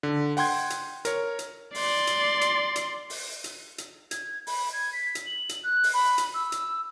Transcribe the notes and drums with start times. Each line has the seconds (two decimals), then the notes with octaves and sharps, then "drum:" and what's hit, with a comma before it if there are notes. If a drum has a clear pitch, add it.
0.03 D3
0.37 F#5 G5 C6 G#6, drum: open hi-hat
0.70 drum: hi-hat
1.05 A#4 C#5, drum: hi-hat
1.39 drum: hi-hat
1.75 D5 C6, drum: open hi-hat
2.07 drum: hi-hat
2.41 drum: hi-hat
2.76 drum: hi-hat
3.10 drum: open hi-hat
3.44 drum: hi-hat
3.78 drum: hi-hat
4.11 G#6, drum: hi-hat
4.47 B5, drum: open hi-hat
4.73 G#6
4.93 B6
5.15 drum: hi-hat
5.26 F#7
5.49 drum: hi-hat
5.63 F#6
5.84 drum: open hi-hat
5.94 B5
6.18 drum: hi-hat
6.34 E6
6.52 drum: hi-hat